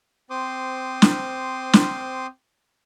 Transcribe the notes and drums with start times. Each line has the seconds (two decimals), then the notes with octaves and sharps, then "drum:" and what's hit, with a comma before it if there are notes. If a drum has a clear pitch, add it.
0.30 C4 C5 C6 D6 D#6
1.02 drum: snare
1.73 drum: snare